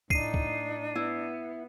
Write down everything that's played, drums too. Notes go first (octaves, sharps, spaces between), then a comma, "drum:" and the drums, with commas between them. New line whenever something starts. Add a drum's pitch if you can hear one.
A2 D4 D#4 C7 D#7, drum: kick
drum: kick
B3 E4